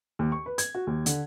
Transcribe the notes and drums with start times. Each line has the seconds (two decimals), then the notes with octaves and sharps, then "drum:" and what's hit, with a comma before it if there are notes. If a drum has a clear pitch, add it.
0.19 D#2
0.32 C#6
0.46 B4
0.58 G#6, drum: hi-hat
0.75 F#4
0.87 D#2
1.06 D3, drum: hi-hat